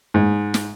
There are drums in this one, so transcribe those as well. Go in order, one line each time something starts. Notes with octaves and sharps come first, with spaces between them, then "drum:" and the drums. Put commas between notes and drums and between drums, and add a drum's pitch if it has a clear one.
G#2
drum: snare